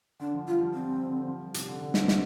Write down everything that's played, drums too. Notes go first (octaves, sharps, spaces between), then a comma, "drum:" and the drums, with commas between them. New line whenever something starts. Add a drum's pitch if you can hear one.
D3 D4
F3
G3 F4
F3
G3 C4
F3
D3
F3
G3
C3, drum: hi-hat
D3
D3
drum: snare
C3, drum: snare